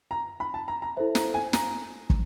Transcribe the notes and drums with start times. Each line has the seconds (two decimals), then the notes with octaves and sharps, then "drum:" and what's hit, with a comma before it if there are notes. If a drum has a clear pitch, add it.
0.11 A#5
0.40 B5
0.54 A5
0.68 A#5
0.82 A#5
0.97 E4 A4 C5 E5
1.15 A#5, drum: snare
1.34 G#5
1.53 A#5, drum: snare
2.10 drum: kick